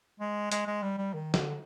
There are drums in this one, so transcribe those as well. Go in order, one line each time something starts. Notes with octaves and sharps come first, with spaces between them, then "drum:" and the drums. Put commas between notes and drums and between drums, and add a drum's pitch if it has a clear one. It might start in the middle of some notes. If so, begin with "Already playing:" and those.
G#3
G#3, drum: hi-hat
G#3
G3
G3
D#3
D3, drum: snare